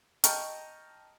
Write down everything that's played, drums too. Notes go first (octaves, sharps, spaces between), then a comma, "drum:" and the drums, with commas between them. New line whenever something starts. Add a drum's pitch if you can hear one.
D#5 G5 A5 A#5 C#6 F6, drum: hi-hat